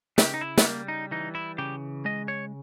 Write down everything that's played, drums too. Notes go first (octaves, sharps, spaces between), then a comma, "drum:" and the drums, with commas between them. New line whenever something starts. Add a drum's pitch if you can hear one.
C#3 G4, drum: snare
D#4
E4
B3, drum: snare
G3 A#3
D#4
E3 D#4
E4
C#3 G4
G#3 D#5
C#5